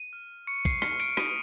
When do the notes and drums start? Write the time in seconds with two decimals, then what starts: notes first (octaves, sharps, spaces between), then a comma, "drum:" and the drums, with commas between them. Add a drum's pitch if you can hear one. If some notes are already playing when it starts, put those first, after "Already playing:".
Already playing: D#7
0.13 F6
0.47 C#6 C#7
0.65 C7, drum: kick, cymbal
0.82 F6 C#7, drum: rim click
1.00 D7, drum: cymbal
1.17 D#6 D#7, drum: rim click